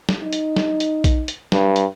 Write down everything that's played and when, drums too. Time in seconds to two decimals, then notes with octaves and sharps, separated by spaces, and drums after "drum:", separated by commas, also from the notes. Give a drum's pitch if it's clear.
0.09 drum: snare
0.22 D#4
0.33 drum: hi-hat
0.56 drum: snare
0.80 drum: hi-hat
1.04 drum: kick A#1, hi-hat
1.28 drum: hi-hat
1.52 G2, drum: snare
1.76 drum: hi-hat